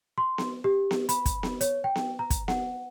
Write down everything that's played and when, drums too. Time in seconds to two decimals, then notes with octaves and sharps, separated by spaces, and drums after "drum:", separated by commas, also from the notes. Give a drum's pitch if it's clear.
0.18 C6
0.38 drum: snare B3
0.64 G4
0.91 drum: snare B3
1.09 B5, drum: hi-hat
1.26 drum: kick, hi-hat
1.43 drum: snare B3
1.61 C#5, drum: hi-hat
1.84 G5
1.95 drum: snare B3
2.19 A#5
2.30 drum: kick, hi-hat
2.48 F#5, drum: snare B3